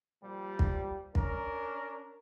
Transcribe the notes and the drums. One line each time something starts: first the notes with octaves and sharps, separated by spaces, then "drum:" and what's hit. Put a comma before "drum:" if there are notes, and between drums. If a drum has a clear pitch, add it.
A#2 F3 G3
drum: kick
C#4 D4 A#4, drum: kick